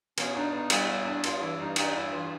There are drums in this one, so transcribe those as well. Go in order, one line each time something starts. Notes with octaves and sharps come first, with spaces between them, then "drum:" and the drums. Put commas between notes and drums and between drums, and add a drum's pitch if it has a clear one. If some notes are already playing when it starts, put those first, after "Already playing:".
B2 C#4, drum: cymbal
D4 D#4
B3 D#4
G3 E4, drum: cymbal
G3
D4
G2 F4, drum: cymbal
E3 E4
G2 D#4
G2 D#4, drum: cymbal
G2 E4
E3 F4